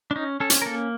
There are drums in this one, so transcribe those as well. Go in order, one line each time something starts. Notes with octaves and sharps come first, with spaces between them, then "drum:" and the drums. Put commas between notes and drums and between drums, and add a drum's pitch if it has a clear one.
D4
C#4 D#4
C#4 A4
drum: hi-hat
A#4
A#3 A4